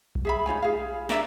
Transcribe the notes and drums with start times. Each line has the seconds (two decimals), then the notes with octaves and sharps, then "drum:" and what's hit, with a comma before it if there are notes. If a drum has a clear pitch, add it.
0.15 drum: kick B1
0.25 G#4 E5 B5
0.46 D#4 F4 C#5 G#5
0.62 G#4 F5
1.09 D4 A#4 D5 E5, drum: snare